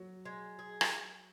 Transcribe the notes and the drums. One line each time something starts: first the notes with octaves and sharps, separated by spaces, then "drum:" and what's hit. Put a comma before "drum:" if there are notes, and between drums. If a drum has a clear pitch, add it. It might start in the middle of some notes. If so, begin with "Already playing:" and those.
Already playing: F#3
G#3
G#4
drum: rim click